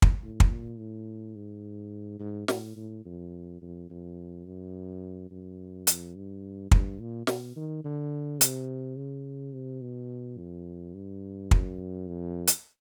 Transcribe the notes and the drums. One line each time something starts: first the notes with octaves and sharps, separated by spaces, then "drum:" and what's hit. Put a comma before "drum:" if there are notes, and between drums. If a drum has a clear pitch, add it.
drum: kick
A2
drum: kick
A#2
A2
G#2
G#2
A2, drum: snare
A2
F2
F2
F2
F#2
F#2
F2, drum: hi-hat
G2
G2, drum: kick
A#2
B2, drum: snare
D#3
D3
C3, drum: hi-hat
C#3
C3
B2
F2
G2
F#2, drum: kick
F2
drum: hi-hat